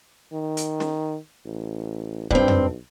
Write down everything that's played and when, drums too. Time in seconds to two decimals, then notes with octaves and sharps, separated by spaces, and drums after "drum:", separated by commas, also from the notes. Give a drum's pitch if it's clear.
0.33 D#3
0.57 drum: hi-hat
0.80 drum: snare
1.45 A1
2.31 B1 G2 C4, drum: kick
2.48 drum: tom F2